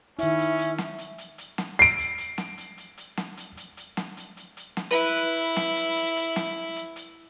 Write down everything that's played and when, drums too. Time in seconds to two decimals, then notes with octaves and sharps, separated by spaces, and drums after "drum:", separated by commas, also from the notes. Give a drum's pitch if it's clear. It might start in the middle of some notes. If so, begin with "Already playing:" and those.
0.19 D#3 C#4 E4 E5, drum: hi-hat
0.39 drum: hi-hat
0.58 drum: hi-hat
0.78 drum: snare
0.98 drum: hi-hat
1.18 drum: hi-hat
1.38 drum: hi-hat
1.58 drum: snare
1.79 C7 D7, drum: hi-hat
1.98 drum: hi-hat
2.18 drum: hi-hat
2.38 drum: snare
2.58 drum: hi-hat
2.78 drum: hi-hat
2.97 drum: hi-hat
3.17 drum: snare
3.37 drum: hi-hat
3.57 drum: hi-hat
3.77 drum: hi-hat
3.97 drum: snare
4.17 drum: hi-hat
4.37 drum: hi-hat
4.57 drum: hi-hat
4.77 drum: snare
4.91 E4 B4
5.17 drum: hi-hat
5.37 drum: hi-hat
5.56 drum: snare
5.76 drum: hi-hat
5.96 drum: hi-hat
6.16 drum: hi-hat
6.36 drum: snare
6.76 drum: hi-hat
6.96 drum: hi-hat